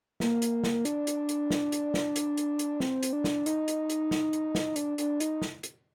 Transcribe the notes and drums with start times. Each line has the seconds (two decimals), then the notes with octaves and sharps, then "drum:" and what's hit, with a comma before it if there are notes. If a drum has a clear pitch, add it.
0.20 A#3, drum: snare
0.42 drum: hi-hat
0.64 drum: snare
0.85 D4, drum: hi-hat
1.07 drum: hi-hat
1.29 drum: hi-hat
1.50 drum: snare
1.72 drum: hi-hat
1.94 drum: snare
2.16 drum: hi-hat
2.37 drum: hi-hat
2.59 drum: hi-hat
2.80 C4, drum: snare
3.03 drum: hi-hat
3.13 D4
3.24 drum: snare
3.46 D#4, drum: hi-hat
3.68 drum: hi-hat
3.90 drum: hi-hat
4.11 drum: snare
4.33 drum: hi-hat
4.55 drum: snare
4.76 D4, drum: hi-hat
4.98 D4, drum: hi-hat
5.20 D#4, drum: hi-hat
5.42 drum: snare
5.63 drum: hi-hat